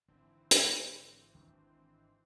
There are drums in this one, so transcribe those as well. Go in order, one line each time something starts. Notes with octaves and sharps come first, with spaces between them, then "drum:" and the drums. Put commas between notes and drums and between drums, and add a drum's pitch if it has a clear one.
G#1 D3 E3 C4
drum: hi-hat
D#3 D4